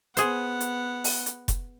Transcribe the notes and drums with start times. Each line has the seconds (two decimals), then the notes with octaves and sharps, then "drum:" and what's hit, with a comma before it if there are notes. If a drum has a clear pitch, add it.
0.17 B3 G#4 C5 F#5, drum: hi-hat
0.60 drum: hi-hat
1.04 drum: open hi-hat
1.26 drum: hi-hat
1.48 drum: kick F1, hi-hat